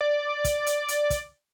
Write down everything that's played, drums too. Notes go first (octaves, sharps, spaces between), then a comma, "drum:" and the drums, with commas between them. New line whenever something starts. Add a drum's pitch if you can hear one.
D5
drum: kick, hi-hat
drum: hi-hat
drum: hi-hat
drum: kick, hi-hat